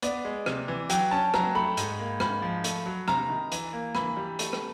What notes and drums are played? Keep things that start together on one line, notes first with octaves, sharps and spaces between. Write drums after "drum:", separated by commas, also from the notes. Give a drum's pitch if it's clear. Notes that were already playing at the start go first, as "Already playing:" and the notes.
B3 D5, drum: hi-hat
G#3
C3, drum: rim click
E3
F#3 G5, drum: hi-hat
C#4 A5
F#3 A#5, drum: rim click
A3 B5
G#2, drum: hi-hat
A#3
G#2 B5, drum: rim click
F3
A3, drum: hi-hat
F#3
C3 A#5, drum: rim click
D#3
E3, drum: hi-hat
A#3
E3 B5, drum: rim click
G3
A3, drum: hi-hat
drum: rim click